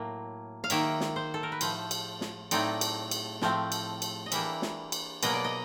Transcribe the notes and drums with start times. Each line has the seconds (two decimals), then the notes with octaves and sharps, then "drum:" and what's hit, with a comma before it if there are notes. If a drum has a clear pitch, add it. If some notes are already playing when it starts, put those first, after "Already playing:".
Already playing: A2 F#3 A#3
0.64 F5
0.70 D#3 F#3 A#3 E5, drum: cymbal
1.01 drum: snare
1.16 C5
1.34 A4
1.43 A#4
1.52 B4
1.61 A2 F3 A3 C5, drum: cymbal
1.91 drum: cymbal
2.21 drum: snare
2.51 A2 F#3 A3 C4 D#4 D5, drum: cymbal
2.81 drum: cymbal
3.11 drum: cymbal
3.42 A2 F3 A3 C4, drum: snare
3.72 drum: cymbal
4.02 drum: cymbal
4.26 D#5
4.32 E3 G3 A#3 D4 E5, drum: cymbal
4.62 drum: snare
4.92 drum: cymbal
5.23 B2 F#3 A#3 D#5, drum: cymbal
5.33 D5
5.44 D#5